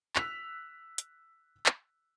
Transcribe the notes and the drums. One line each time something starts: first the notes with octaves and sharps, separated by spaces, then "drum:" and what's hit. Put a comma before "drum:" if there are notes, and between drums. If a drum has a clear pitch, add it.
E6 F#6 B6 F7, drum: clap
drum: hi-hat
drum: clap